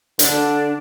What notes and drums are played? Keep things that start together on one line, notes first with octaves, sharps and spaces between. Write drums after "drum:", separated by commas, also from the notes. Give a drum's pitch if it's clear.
D3 D4, drum: hi-hat